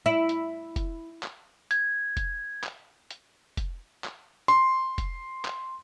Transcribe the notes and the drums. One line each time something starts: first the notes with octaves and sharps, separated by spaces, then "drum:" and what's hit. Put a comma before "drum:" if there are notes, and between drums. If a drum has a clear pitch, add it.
E4
drum: hi-hat
drum: kick F1, hi-hat
drum: clap
G#6, drum: hi-hat
drum: kick F1, hi-hat
drum: clap
drum: hi-hat
drum: kick F1, hi-hat
drum: clap
C6, drum: hi-hat
drum: kick F1, hi-hat
drum: clap